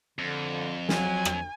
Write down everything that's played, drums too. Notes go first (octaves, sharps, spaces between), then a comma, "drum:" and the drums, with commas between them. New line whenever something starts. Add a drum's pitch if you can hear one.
F2 D3
F#3 G#5, drum: snare
drum: rim click